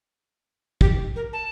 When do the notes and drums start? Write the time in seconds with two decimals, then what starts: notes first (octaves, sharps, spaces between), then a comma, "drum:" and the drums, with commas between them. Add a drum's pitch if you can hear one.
0.81 G4, drum: kick
1.16 A#4
1.33 A5